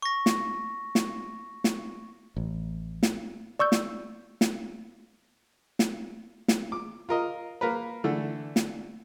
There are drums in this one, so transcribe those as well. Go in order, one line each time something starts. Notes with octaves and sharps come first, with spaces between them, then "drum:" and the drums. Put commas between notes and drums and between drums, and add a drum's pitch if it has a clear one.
C#6 A#6
drum: snare
drum: snare
drum: snare
A1
drum: snare
D5 C#6 E6 G6
drum: snare
drum: snare
drum: snare
drum: snare
D6
F4 A#4 D#5
A#3 A#4 B4
D3 E3 A3
drum: snare